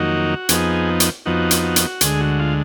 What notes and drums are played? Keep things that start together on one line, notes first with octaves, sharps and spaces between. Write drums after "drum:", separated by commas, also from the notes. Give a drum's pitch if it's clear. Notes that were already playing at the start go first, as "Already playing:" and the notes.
Already playing: F2 D#3 F#3 A#3 D#4 F#4
F2 F3 B3 D#4 G#4, drum: hi-hat
drum: hi-hat
F2 F3 B3 D#4 F#4
drum: hi-hat
F#4
drum: hi-hat
D2 D3 G#3 G#4, drum: hi-hat
F#4
F4